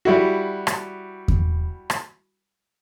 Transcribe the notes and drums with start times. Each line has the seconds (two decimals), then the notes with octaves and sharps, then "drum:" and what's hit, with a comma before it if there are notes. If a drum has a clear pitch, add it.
0.05 G3 E4 F#4
0.67 drum: rim click
1.28 drum: kick E2
1.90 drum: rim click